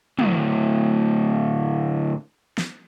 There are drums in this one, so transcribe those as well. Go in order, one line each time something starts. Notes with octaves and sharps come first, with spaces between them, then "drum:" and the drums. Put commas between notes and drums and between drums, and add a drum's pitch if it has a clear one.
D2 A2, drum: tom
drum: snare